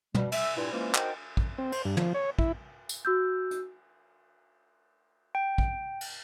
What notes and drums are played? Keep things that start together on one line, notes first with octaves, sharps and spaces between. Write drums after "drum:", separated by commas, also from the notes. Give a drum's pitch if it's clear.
B2 G3, drum: tom
E5, drum: cymbal
G2 A#2 E4
E3 F3 G#3 A#3 C#4 E4
D#4 F#4 A#4 C5 G5, drum: clap
drum: kick
C4
C5, drum: cymbal
G2
F3, drum: tom
C#5
E4, drum: kick
drum: tambourine
F#4 E6 G6
drum: hi-hat
G5
drum: kick
drum: cymbal